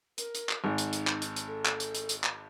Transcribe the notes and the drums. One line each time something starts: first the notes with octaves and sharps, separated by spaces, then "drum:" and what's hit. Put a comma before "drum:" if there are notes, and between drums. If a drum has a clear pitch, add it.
A#4, drum: hi-hat
drum: hi-hat
drum: clap
G#1 G#2 D#4
drum: hi-hat
drum: hi-hat
drum: clap
drum: hi-hat
drum: hi-hat
A4
drum: clap
drum: hi-hat
drum: hi-hat
drum: hi-hat
drum: clap